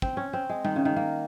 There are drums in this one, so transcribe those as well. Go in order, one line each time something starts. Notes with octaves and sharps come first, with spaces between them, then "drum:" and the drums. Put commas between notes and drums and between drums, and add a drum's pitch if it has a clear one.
C4, drum: kick
C#4
C4
G#3
D#3, drum: tom G3
C#3
D#3
A#3